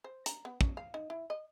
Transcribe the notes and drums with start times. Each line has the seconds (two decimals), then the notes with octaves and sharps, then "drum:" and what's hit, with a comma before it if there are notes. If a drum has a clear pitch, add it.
0.04 C5
0.26 A#5, drum: hi-hat
0.45 B3
0.61 C#4, drum: kick
0.77 F5
0.94 D#4
1.10 E4
1.30 D#5